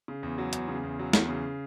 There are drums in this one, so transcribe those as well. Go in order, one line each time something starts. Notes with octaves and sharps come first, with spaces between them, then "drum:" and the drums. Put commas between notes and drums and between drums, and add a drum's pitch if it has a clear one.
C#3
E2
F#3
E2, drum: hi-hat
C#3
E2
F#3
E2, drum: snare
C#3